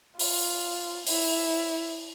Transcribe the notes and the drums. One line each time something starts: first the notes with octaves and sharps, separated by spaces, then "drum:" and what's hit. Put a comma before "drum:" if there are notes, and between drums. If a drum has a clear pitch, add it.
F4, drum: open hi-hat
E4, drum: open hi-hat